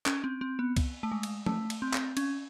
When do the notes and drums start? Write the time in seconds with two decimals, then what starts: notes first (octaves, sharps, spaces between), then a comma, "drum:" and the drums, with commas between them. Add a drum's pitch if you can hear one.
0.06 C#4, drum: clap
0.24 C4
0.41 C4
0.59 B3
0.77 drum: kick C2, cymbal
1.03 A3
1.12 G#3
1.23 drum: cymbal
1.46 A3, drum: tom
1.70 drum: cymbal
1.82 C4
1.94 drum: clap
2.17 C#4, drum: cymbal